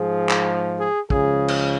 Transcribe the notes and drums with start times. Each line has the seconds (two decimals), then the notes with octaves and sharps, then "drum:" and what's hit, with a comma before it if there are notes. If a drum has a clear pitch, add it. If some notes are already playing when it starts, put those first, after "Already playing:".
Already playing: G#2 F3 G#4
0.29 drum: clap
0.80 G#4
1.10 C#2 C#3 F3 G#4, drum: kick
1.48 drum: cymbal